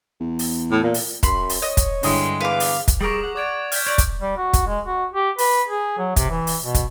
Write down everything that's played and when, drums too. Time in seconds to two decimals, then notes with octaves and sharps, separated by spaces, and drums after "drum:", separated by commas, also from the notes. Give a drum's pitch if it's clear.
0.20 E2
0.39 drum: open hi-hat
0.71 A2
0.83 A#2
0.94 drum: open hi-hat
1.23 F#2 B5 C6, drum: kick, hi-hat
1.49 drum: open hi-hat
1.62 C#5 D#5
1.77 drum: kick, hi-hat
2.03 G2 D3 G#3 E4 G5 D#6, drum: open hi-hat
2.41 E2 B4 F5 D6
2.60 drum: open hi-hat
2.88 drum: kick, hi-hat
3.01 G3 G#4 A#4 C#6 D6 F#7
3.24 F#5
3.36 D5 D6 G#6 D7
3.72 F6 G6 B6, drum: open hi-hat
3.87 C#5 D5 F#6 D7 F#7
3.98 drum: kick, hi-hat
4.21 G3
4.37 F#4
4.53 drum: kick, hi-hat
4.67 G#3
4.86 F#4
5.14 G4
5.38 B4, drum: open hi-hat
5.69 G#4
5.98 F#3
6.16 C3, drum: kick, hi-hat
6.30 E3
6.47 drum: open hi-hat
6.62 B2
6.75 drum: kick, hi-hat